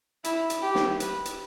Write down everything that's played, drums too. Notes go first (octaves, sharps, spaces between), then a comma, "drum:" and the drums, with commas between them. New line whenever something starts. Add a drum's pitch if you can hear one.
E4, drum: hi-hat
drum: hi-hat
G4
drum: snare
B4, drum: hi-hat
drum: hi-hat